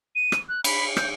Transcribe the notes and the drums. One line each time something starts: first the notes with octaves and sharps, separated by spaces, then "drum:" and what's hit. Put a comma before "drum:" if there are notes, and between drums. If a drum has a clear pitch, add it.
D#7
drum: rim click
F#6
B5, drum: cymbal
G6, drum: rim click